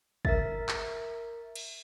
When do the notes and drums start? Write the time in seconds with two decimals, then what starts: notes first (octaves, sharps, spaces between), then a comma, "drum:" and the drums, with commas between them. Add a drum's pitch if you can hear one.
0.25 A#4 E5 A6, drum: kick
0.69 drum: clap
1.55 drum: cymbal